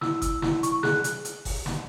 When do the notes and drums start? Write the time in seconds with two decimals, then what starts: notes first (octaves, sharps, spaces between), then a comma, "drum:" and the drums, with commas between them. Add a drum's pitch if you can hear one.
0.01 E4 E6, drum: snare
0.22 E6, drum: kick F#1, hi-hat
0.42 E4, drum: snare
0.63 C#6, drum: hi-hat
0.83 G#4 F#6, drum: snare
1.04 drum: hi-hat
1.25 drum: hi-hat
1.45 drum: kick F#1, open hi-hat
1.66 drum: snare